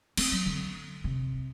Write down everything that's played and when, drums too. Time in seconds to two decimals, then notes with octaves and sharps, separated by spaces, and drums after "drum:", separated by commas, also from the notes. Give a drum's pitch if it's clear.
0.17 C4, drum: cymbal
0.32 F#3
0.46 D3
1.04 C3